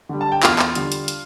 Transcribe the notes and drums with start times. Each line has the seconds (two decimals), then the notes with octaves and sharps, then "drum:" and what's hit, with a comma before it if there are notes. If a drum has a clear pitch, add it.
0.09 D3 G3
0.21 A5
0.32 G5
0.43 E2 F4 F5, drum: clap
0.59 drum: clap
0.75 D3 G3, drum: hi-hat
0.92 drum: hi-hat
1.08 drum: hi-hat